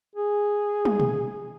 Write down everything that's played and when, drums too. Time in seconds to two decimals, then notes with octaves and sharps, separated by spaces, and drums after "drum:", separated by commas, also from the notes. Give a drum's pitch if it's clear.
0.15 G#4
0.85 drum: tom
1.00 drum: tom A#2